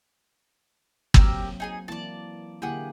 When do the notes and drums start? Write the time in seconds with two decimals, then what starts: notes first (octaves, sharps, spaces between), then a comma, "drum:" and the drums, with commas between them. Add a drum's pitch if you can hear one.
1.14 F#3 A#3 C4 G4 A#4 E6, drum: kick G1
1.60 D#4 G#4 G#5
1.88 E3 A#3 E4 D5 A5
2.62 D3 A#3 E4 G4 G#4 F#5